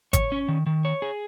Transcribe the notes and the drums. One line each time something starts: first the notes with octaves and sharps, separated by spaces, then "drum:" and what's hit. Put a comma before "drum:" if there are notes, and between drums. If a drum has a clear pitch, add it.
C#5, drum: kick G#1, hi-hat
C#4
D#3
D#3
C#5
G#4